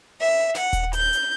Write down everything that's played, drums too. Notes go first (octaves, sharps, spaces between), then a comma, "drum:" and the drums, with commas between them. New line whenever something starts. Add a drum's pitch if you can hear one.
E5
F#5, drum: snare
drum: kick D#1, hi-hat
G6, drum: hi-hat
drum: hi-hat